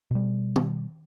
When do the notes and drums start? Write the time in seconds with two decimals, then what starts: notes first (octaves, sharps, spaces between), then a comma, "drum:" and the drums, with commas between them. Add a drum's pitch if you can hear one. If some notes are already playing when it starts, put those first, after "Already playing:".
0.11 B2 G3
0.56 drum: tom